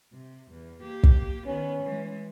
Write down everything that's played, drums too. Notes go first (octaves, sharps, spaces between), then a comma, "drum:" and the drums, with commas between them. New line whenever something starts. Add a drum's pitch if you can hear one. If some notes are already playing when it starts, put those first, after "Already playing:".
C3
E2
A#3 G4
drum: kick
D#3 B3 C#4
E3 G#3